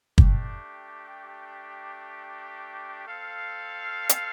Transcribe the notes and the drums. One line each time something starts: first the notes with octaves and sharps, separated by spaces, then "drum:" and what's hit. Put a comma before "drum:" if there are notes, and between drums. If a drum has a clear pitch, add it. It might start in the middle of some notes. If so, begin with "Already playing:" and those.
A3 D4 G4, drum: kick
C4 A4 F5
drum: hi-hat